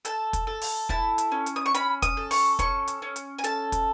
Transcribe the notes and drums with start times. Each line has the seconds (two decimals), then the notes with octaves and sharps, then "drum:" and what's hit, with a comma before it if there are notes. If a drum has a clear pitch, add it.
0.05 A4 A5, drum: hi-hat
0.33 drum: kick, hi-hat
0.47 A4
0.61 drum: open hi-hat
0.89 E4 A5, drum: kick
1.18 drum: hi-hat
1.32 C#4
1.46 drum: hi-hat
1.56 D#6
1.66 C#6
1.74 C#4 B5, drum: hi-hat
2.02 D#6, drum: kick, hi-hat
2.17 A4
2.31 C#6, drum: open hi-hat
2.59 C#4 C#6, drum: kick, hi-hat
2.87 drum: hi-hat
3.02 C#4
3.16 drum: hi-hat
3.38 G#5
3.44 A4 A5, drum: hi-hat
3.72 drum: kick, hi-hat